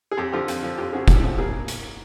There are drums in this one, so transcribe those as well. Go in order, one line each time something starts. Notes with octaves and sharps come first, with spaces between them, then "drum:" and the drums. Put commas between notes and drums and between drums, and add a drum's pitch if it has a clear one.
G#4
F2 G4 A4
D3 F3 F4 G4
F2, drum: hi-hat
D3 F3
F2 F4 G4
C#3 F3 F#4 G#4
F2 G4 A4, drum: kick, hi-hat
C#3 F3
B2 G#4 A#4
A#3
drum: hi-hat